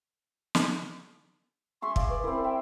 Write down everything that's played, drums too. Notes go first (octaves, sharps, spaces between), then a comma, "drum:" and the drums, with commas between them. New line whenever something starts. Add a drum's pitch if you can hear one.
drum: snare
G#4 E5 C6 C#6
D5 F5, drum: kick
B4
C4 E4 A#4
E5 G5